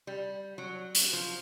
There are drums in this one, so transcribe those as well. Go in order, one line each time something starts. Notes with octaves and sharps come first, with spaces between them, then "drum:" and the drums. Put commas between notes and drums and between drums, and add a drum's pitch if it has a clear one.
G3
F#3
drum: hi-hat
F3